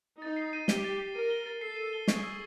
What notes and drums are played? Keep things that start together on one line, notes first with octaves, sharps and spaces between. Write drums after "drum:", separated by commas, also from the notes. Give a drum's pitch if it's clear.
D#4 A6
C7
D#7
G4 G7, drum: snare
A6
C7
A#4 D#7
G7
A6
A4 C7
D#7
G7
G#4 C#6, drum: snare
E6